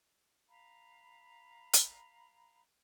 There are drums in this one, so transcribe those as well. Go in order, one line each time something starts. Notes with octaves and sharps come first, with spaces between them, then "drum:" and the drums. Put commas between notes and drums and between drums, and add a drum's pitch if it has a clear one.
F5 A#5 B5
drum: hi-hat